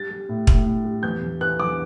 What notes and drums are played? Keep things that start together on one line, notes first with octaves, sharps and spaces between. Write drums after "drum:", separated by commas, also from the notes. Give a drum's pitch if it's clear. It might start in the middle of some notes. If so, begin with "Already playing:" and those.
Already playing: G3 A6
G3
A2
A2, drum: kick
A2
G3
E2 G6
E2
E3 F#6
E2 D6